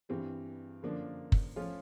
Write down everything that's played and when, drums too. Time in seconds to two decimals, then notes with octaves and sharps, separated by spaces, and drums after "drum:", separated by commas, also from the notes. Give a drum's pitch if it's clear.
0.09 G2 E3 G3 C4
0.83 F#2 D3 F3 A#3 D4
1.32 drum: kick
1.56 F3 A3 C#4 F4